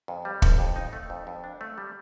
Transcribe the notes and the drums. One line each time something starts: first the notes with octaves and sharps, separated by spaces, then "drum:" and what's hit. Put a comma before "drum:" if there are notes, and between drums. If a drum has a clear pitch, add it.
F2
G3
G1, drum: kick
F2
D#4
A3
F2
F2
D4
A3
G3